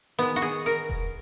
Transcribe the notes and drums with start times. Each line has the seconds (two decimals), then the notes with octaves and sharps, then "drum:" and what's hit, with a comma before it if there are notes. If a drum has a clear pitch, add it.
0.19 D#3 G#3 B3
0.36 F#4
0.42 G#4
0.66 A#4
0.89 drum: kick E1